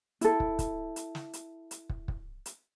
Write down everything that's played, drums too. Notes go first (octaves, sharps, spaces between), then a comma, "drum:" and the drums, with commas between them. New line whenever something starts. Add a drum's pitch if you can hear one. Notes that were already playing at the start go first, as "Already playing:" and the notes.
E4 A4, drum: hi-hat
drum: kick
drum: kick, hi-hat
drum: hi-hat
drum: snare
drum: hi-hat
drum: hi-hat
drum: kick
drum: kick
drum: hi-hat